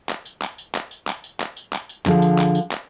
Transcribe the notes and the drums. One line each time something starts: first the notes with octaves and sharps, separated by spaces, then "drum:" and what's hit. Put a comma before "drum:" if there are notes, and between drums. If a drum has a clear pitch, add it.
drum: clap
drum: tambourine
drum: clap
drum: tambourine
drum: clap
drum: tambourine
drum: clap
drum: tambourine
drum: clap
drum: tambourine
drum: clap
drum: tambourine
D3 F3 G#4, drum: clap
drum: tambourine
drum: clap
drum: tambourine
drum: clap